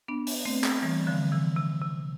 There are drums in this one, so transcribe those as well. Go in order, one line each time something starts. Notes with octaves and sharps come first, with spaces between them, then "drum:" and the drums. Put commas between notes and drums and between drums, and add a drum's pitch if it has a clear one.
B3 D4
drum: open hi-hat
A3 C4
drum: clap
E3 G3
D3 F3
C3 E3
C3
C3